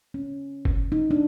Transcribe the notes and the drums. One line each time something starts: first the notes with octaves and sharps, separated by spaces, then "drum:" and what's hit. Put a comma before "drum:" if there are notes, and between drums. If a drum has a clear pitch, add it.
C#4
drum: kick F#1
D#4
D4